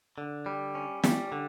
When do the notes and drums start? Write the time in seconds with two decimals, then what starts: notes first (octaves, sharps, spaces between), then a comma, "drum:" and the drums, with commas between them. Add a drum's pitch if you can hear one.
0.18 D3
0.46 G3
0.75 C#4
1.04 G3, drum: snare
1.32 D3